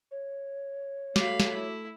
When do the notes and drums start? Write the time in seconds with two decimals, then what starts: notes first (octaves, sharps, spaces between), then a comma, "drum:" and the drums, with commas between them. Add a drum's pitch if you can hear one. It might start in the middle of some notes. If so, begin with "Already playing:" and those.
0.11 C#5
1.16 A3 F#4 F5 B5 D6, drum: snare
1.40 drum: snare
1.54 E4